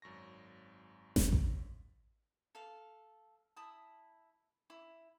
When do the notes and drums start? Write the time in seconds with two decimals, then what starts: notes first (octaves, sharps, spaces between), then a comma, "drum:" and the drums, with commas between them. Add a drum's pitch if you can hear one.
0.02 G#1 F#2 C#6 A#6
1.16 drum: snare G1
1.32 drum: kick A1
2.55 A4 F5
3.56 E4 A5 D#6
4.70 E4